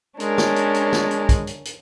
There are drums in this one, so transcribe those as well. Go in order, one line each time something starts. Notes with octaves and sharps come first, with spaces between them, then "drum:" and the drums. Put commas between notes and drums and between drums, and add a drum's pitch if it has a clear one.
G#3 C#4 D4 A#4, drum: hi-hat
drum: snare
drum: hi-hat
drum: hi-hat
drum: snare
drum: hi-hat
drum: kick, hi-hat
drum: hi-hat
drum: hi-hat